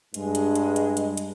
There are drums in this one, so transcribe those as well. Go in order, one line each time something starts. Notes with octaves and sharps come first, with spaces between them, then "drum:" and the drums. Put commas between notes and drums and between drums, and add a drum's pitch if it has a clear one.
G2 G#3, drum: hi-hat
drum: hi-hat
drum: hi-hat
drum: hi-hat
drum: hi-hat
drum: hi-hat